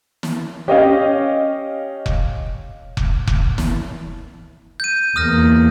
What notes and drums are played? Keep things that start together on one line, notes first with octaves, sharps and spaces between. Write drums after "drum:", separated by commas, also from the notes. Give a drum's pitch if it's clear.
drum: snare
C#4 G4 C#5 D#5 F5
drum: kick F1
drum: kick F1
drum: kick F1
drum: snare
G6 D#7
E2 A#3 D#6 F6 A#6